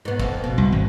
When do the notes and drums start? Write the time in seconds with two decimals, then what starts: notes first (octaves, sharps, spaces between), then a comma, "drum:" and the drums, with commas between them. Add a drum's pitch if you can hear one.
0.05 G#2 B3
0.20 F2, drum: kick
0.44 B2
0.58 C2
0.72 G#1